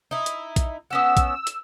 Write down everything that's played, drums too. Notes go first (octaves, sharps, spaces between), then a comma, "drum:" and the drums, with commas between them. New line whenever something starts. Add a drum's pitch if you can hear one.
D#4 E4
drum: hi-hat
drum: kick A#1, hi-hat
B3 C#4 F#5 E6
drum: kick A#1, hi-hat
drum: hi-hat